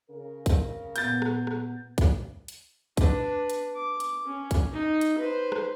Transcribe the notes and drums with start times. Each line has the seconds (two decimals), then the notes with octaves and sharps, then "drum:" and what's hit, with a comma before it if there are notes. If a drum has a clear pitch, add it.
0.10 C#3 A#4
0.46 drum: kick, hi-hat
0.96 A#2 B3 G6 A6, drum: hi-hat
1.22 drum: rim click
1.47 drum: rim click
1.98 drum: kick, hi-hat
2.48 drum: hi-hat
2.97 D4 B4, drum: kick, hi-hat
3.50 drum: hi-hat
3.75 D6
4.00 drum: hi-hat
4.25 C#4
4.51 drum: kick, hi-hat
4.72 D#4
5.01 drum: hi-hat
5.18 B4 C5
5.52 drum: rim click